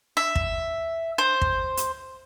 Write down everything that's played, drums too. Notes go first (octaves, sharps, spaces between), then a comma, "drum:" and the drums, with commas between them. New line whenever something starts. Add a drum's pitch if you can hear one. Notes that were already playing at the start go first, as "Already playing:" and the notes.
E5
drum: kick
C5
drum: kick
drum: hi-hat